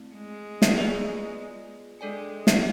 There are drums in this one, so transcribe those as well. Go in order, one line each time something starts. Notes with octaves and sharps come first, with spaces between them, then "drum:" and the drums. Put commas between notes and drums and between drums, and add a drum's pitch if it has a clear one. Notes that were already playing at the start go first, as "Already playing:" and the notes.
Already playing: A3 C4 E4
G#3
drum: snare
B3 F4 G#4 B4 D5
G#3 D4 A4 D5 G#5
drum: snare